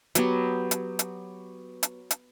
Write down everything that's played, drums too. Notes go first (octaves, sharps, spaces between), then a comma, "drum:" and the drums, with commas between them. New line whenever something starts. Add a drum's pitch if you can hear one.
F#3 B3 G4, drum: hi-hat
drum: hi-hat
drum: hi-hat
drum: hi-hat
drum: hi-hat